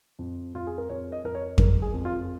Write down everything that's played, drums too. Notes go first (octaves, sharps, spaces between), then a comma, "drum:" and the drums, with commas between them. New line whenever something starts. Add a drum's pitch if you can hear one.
F2
F2 F4
G#4
A#4
F2 C#5
D#5
F2 A#4
C#5
G#3 A#4, drum: kick F2
G#4
F2
F4